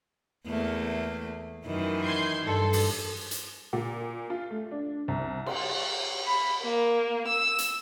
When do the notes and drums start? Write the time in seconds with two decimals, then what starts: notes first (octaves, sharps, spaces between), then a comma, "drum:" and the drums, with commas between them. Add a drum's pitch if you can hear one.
0.47 E2 A3 A#3
1.66 F#2 D#3 E3
2.04 C6 G6 G#6
2.44 G2 A4 C6
2.73 drum: open hi-hat
3.31 drum: hi-hat
3.73 A#2
4.30 F4
4.51 A3
4.71 D4
5.08 C2
5.46 C6, drum: cymbal
6.27 B5
6.63 A#3
7.27 E6
7.58 drum: hi-hat